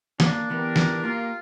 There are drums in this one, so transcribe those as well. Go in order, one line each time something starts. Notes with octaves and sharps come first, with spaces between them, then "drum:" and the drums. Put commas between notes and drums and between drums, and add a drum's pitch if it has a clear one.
A#3 D4, drum: snare
D3 E3 B3 G4 A#4
drum: snare
A#3 F4